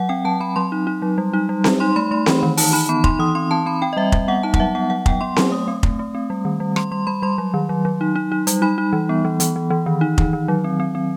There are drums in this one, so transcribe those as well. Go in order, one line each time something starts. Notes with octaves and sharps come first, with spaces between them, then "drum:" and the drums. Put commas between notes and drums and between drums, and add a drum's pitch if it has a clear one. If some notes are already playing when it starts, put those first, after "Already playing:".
Already playing: F#3 F#5
C4 G5
F#3 A5
C4 B5
F#3 C6
D#4
D#4
F#3
G3
D#4
G3
G3, drum: snare C4
D#4 C6
A3 B5
A3 C6
E3 B5, drum: snare C4
D#3
D#4 A5, drum: open hi-hat
D#4 B5
B3 B5
D#4 C6, drum: kick F1
E3 D#6
C4 C6
C4 A5
C4 B5
C4 G5
D#5
G3 E5
G3 E5, drum: kick F1
B3 F#5
D#4 A5
F#5, drum: kick F1
F#3 E5
B3 F#5
F#3 F#5
B3 G5, drum: kick F1
B3 C6
F#3 C6, drum: snare C4
A3 D#6
C4
A3, drum: kick F1
A3
C4
G3
D#3
G3
G3 C6, drum: rim click
G3 C6
G3 B5
G3 C6
F#3
D#3
F#3
F#3
D#4
D#4
D#4
G3, drum: hi-hat
D#4 B5
D#4
E3
B3
E3
E3, drum: hi-hat
E3
E3
D#3
D#4
D#3, drum: kick F1
D#3
F#3
C4
C4
C4